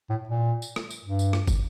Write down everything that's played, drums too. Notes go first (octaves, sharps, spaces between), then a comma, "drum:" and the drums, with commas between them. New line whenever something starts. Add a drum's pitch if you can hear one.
A2
A#2
drum: tambourine
drum: rim click
drum: tambourine
G2
drum: tambourine
drum: rim click
drum: kick, tambourine